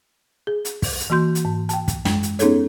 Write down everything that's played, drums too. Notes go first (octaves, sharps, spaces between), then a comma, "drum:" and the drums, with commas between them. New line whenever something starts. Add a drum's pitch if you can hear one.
G#4
drum: hi-hat
drum: kick, open hi-hat
drum: hi-hat
E3 A#3 F#4 C6 G6
drum: hi-hat
G#2
G5 A5, drum: hi-hat
drum: kick, hi-hat
F#2 G#3, drum: snare
drum: hi-hat
B3 C#4 D#4 G#4 A4 C#5, drum: hi-hat